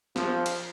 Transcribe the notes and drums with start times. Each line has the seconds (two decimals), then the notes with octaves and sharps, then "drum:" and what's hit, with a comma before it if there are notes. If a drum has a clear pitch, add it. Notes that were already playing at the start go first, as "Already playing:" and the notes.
0.16 F3, drum: snare
0.46 drum: cymbal